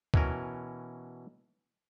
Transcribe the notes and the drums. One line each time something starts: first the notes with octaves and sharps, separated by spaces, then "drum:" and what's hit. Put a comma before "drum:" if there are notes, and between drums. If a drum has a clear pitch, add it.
B2 E3 C#4 A#4, drum: kick C#2